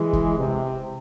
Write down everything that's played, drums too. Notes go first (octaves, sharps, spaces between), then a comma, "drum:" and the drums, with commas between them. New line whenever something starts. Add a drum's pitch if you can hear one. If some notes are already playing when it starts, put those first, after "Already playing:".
Already playing: E3 G#3
drum: kick
C3